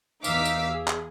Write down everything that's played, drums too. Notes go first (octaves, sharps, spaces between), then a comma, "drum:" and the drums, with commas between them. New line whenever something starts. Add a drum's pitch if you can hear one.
E2 D#4 F5 D6 E6 B6, drum: tambourine
drum: tambourine
G#4
drum: clap